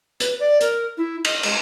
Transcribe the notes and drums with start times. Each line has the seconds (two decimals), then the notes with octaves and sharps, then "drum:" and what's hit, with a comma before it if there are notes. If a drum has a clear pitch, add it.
0.20 B4, drum: hi-hat
0.40 D5
0.61 A#4, drum: hi-hat
0.97 E4
1.25 D#5, drum: cymbal
1.43 G#3, drum: cymbal